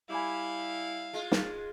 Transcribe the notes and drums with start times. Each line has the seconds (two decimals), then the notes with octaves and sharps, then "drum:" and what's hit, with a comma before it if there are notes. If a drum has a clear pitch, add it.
0.10 G3 E4 F5 G#5 B5 D6
1.13 G#3 F4
1.32 drum: snare